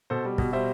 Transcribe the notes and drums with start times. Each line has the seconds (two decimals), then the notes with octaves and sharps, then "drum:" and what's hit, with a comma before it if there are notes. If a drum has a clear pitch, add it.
0.10 B2 A4 C5
0.25 G3
0.38 B2, drum: kick
0.53 G3 C5 E5